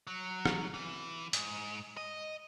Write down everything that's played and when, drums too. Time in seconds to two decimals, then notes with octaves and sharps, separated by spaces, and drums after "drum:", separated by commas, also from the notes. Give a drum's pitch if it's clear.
0.07 F#3
0.45 drum: rim click
0.74 E3
1.33 G#2, drum: hi-hat
1.97 D#5